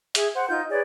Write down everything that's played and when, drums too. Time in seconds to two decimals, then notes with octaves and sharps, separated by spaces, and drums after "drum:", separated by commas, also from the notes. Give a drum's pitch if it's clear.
0.15 G#4 E5, drum: hi-hat
0.33 C5 F#5
0.49 D#4 F4 G6
0.70 G#4 B4 C#5 D5